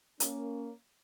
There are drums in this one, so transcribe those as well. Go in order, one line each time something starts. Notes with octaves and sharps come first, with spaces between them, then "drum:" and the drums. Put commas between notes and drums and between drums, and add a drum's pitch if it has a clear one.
A#3 C#4, drum: hi-hat